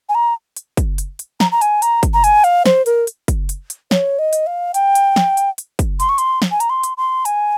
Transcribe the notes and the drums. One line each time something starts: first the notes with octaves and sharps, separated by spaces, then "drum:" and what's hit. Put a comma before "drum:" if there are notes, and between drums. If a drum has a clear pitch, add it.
G#5
A#5
drum: hi-hat
drum: kick, hi-hat
drum: hi-hat
drum: hi-hat
A#5, drum: snare
A#5
G#5, drum: hi-hat
A#5, drum: hi-hat
drum: kick, hi-hat
A#5
G#5, drum: hi-hat
F5, drum: hi-hat
C5, drum: snare
A#4, drum: hi-hat
drum: hi-hat
drum: kick, hi-hat
drum: hi-hat
drum: hi-hat
C#5, drum: snare
D#5
drum: hi-hat
F5
G5, drum: hi-hat
drum: hi-hat
drum: snare
drum: hi-hat
drum: hi-hat
drum: kick, hi-hat
C6, drum: hi-hat
C#6
C6, drum: hi-hat
drum: snare
G#5
A#5, drum: hi-hat
C6
drum: hi-hat
C6
G#5, drum: hi-hat